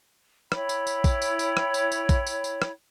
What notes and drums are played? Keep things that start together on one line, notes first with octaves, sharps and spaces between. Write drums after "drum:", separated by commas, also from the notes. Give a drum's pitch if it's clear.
E4 C#5 G5 B5, drum: rim click
drum: tambourine
drum: tambourine
drum: kick, tambourine
drum: tambourine
drum: tambourine
drum: rim click
drum: tambourine
drum: tambourine
drum: kick, tambourine
drum: tambourine
drum: tambourine
drum: rim click